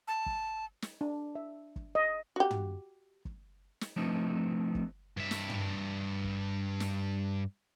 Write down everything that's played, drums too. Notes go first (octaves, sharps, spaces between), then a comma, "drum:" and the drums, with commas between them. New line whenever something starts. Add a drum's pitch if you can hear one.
A5
drum: kick
drum: snare
D4
E5
drum: kick
D#5
F#4 G4
drum: tom
drum: kick
drum: snare
F3 A3 B3 C4 D4 D#4
drum: kick
G2 E5
drum: snare
drum: tom
drum: kick
drum: snare